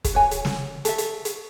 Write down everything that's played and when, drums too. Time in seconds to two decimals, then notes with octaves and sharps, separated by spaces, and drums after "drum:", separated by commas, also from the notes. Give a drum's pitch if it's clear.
0.04 drum: kick, hi-hat
0.14 F#4 C#5 G#5
0.31 drum: hi-hat
0.45 drum: snare
0.85 A4 E5, drum: hi-hat
0.98 drum: hi-hat
1.25 drum: hi-hat